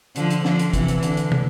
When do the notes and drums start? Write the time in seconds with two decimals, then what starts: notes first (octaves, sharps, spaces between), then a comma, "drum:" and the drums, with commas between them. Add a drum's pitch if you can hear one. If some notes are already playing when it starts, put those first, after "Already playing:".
0.16 D3 F3, drum: hi-hat
0.31 drum: hi-hat
0.45 D3 F3, drum: snare
0.59 drum: hi-hat
0.73 C3 E3, drum: kick, hi-hat
0.88 drum: hi-hat
1.03 D3, drum: hi-hat
1.17 drum: hi-hat
1.32 drum: tom